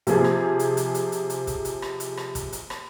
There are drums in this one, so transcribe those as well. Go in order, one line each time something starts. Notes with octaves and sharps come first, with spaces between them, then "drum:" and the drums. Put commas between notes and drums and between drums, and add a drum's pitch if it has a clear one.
C3 F3 G#4, drum: hi-hat
drum: rim click
drum: hi-hat
drum: hi-hat
drum: hi-hat
drum: hi-hat
drum: hi-hat
drum: kick, hi-hat
drum: hi-hat
drum: rim click
drum: hi-hat
drum: rim click
drum: kick, hi-hat
drum: hi-hat
drum: rim click